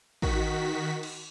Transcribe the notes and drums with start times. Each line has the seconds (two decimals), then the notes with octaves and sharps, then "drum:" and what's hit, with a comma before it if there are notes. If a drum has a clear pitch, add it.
0.22 D#3 F#4 B6, drum: kick
1.03 drum: cymbal